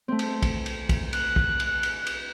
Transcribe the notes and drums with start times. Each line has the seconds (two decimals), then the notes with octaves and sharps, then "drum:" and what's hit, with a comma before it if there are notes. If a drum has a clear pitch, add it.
0.08 A3 C4
0.19 drum: cymbal
0.42 drum: kick, cymbal
0.66 drum: cymbal
0.89 drum: kick, cymbal
1.13 F#6, drum: cymbal
1.36 drum: kick
1.60 drum: cymbal
1.83 drum: cymbal
2.07 drum: cymbal